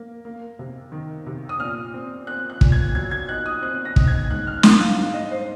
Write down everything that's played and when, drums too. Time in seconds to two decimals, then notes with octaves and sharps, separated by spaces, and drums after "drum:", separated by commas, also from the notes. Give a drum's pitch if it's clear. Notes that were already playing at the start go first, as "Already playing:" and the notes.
Already playing: A#3
0.25 A#3
0.59 C3
0.92 D#3
1.26 C3
1.49 D#6
1.60 A#2 F6
1.94 C4
2.27 C4 F#6
2.50 F#6
2.61 A#2, drum: kick
2.72 G#6
2.95 F#3 G#6
3.11 G#6
3.28 D#4 F#6
3.46 D#6
3.62 C4 F#6
3.85 A#6
3.96 D#4, drum: kick
4.08 G#6
4.31 G#2 F#6
4.47 F6
4.63 G#2 D#6, drum: snare
4.81 F5
4.97 G#2 F5
5.14 D#5
5.31 C5